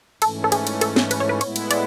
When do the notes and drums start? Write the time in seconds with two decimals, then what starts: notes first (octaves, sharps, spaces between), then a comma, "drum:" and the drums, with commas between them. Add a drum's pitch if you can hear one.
0.22 G#2 E3 A3 C#4 A4, drum: cymbal
0.44 A4
0.52 G#4, drum: cymbal
0.67 drum: cymbal
0.81 A4, drum: cymbal
0.96 drum: snare
1.11 B4, drum: cymbal
1.20 C#5
1.29 B4
1.41 A2 G#3 B3 E4 C#5, drum: cymbal
1.56 drum: cymbal
1.71 D5, drum: cymbal